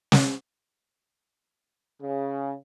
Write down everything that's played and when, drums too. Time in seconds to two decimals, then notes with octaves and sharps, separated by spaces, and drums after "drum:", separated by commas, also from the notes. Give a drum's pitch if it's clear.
0.12 drum: snare
2.01 C#3